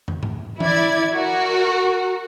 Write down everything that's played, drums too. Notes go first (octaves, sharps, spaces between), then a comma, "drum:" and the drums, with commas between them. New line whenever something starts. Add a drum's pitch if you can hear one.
drum: tom
drum: tom G#2
E4 D5 G#6, drum: tom E3
F#4 A#4